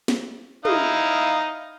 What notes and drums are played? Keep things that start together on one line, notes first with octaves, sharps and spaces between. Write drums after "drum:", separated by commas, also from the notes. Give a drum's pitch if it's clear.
drum: snare
D#4 E4 F5, drum: tom